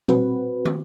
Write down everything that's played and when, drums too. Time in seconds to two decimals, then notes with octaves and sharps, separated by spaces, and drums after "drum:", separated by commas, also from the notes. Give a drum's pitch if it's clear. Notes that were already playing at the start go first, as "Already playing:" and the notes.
0.08 C4 F#4 B4, drum: tom A#2
0.65 drum: tom